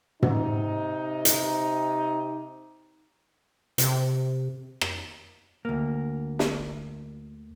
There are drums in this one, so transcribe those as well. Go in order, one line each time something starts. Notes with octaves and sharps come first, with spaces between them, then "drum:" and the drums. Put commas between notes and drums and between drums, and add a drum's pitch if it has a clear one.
C3 D#4, drum: tom
drum: hi-hat
C3, drum: hi-hat
drum: rim click
D2 A#3
drum: snare